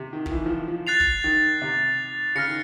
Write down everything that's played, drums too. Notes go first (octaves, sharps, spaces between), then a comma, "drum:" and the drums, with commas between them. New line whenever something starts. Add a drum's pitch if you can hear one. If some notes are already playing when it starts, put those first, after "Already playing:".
Already playing: C3
D#3
D#3, drum: kick
E3
F3
E3
F3
F#6 A6 C7 F7
drum: kick
D#3
C3
C#3 F6 A#6 C#7
D#3